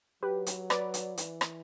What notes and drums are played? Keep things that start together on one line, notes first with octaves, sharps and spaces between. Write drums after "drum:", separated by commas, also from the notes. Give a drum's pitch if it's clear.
F#3 G4 B4
drum: hi-hat
B4 D5, drum: rim click
drum: hi-hat
E3, drum: hi-hat
drum: rim click